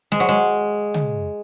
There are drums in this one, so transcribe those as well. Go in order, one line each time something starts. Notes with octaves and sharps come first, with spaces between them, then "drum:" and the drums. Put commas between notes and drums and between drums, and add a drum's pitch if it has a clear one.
G#3, drum: snare
F#3
G#3
drum: tom